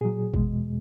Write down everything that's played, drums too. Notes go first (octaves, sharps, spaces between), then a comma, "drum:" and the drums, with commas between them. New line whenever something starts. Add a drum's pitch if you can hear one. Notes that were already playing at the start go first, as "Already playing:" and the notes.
A#2 F#3 G#4
E2 B2 G#3, drum: kick G#1